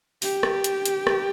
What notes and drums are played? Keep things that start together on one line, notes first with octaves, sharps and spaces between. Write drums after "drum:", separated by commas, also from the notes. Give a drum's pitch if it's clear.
G4, drum: open hi-hat
drum: rim click
drum: hi-hat
drum: hi-hat
drum: rim click